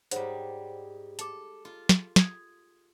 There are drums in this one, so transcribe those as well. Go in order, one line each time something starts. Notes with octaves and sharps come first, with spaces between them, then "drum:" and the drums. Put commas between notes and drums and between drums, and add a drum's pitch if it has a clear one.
G#2 G3 C5 C#5 F#5, drum: hi-hat
A4 A5 D6, drum: hi-hat
F4
drum: snare
D#6 G#6, drum: snare